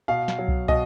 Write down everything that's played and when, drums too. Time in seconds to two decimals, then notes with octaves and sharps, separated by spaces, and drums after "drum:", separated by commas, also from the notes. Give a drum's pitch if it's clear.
0.08 B2 F5
0.28 drum: snare
0.38 F#3
0.48 drum: kick
0.68 B2 D#5, drum: kick